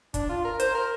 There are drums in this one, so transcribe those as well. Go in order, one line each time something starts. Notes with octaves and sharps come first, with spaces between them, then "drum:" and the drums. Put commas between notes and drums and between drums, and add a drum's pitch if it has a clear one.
D4, drum: kick, hi-hat
F4
A#4
C5, drum: hi-hat
A#4